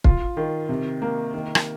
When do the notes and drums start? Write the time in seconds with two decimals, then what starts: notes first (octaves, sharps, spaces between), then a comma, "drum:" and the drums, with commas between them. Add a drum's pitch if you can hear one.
0.04 F4, drum: kick
0.37 D#3
0.69 C3
1.02 A#3
1.34 D#3
1.55 drum: rim click